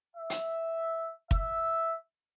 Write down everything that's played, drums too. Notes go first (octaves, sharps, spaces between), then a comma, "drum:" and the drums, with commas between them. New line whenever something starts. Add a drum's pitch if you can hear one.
E5
drum: hi-hat
E5, drum: kick